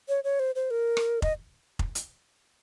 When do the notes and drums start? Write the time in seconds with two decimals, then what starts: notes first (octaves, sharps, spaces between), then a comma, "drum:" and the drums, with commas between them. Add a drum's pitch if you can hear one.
0.09 C#5
0.24 C#5
0.40 C5
0.55 C5
0.71 A#4
0.97 drum: rim click
1.22 D#5, drum: kick F1
1.79 drum: kick F1
1.95 drum: hi-hat